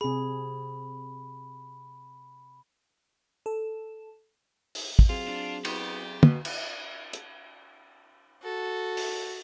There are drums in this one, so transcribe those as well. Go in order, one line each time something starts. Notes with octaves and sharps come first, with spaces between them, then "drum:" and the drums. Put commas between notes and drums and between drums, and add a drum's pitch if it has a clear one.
C3 G#4 B5
A4
drum: open hi-hat
drum: kick
F#3 C4 F4 G#4
D4
B3 G4, drum: cymbal
B2, drum: tom
drum: cymbal
drum: hi-hat
F#4 A4
drum: open hi-hat